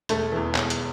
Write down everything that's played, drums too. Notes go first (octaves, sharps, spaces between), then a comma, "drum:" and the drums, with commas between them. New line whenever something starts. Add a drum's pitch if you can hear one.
E1 A3, drum: hi-hat
E2 E3
E1, drum: clap
drum: hi-hat